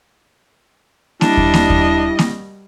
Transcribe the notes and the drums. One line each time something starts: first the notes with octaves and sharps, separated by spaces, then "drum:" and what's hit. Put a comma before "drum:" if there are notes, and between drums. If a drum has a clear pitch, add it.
G3 D4 E4 D#5, drum: snare A#3
drum: kick D#2
drum: snare A#3
drum: kick D#2
drum: snare A#3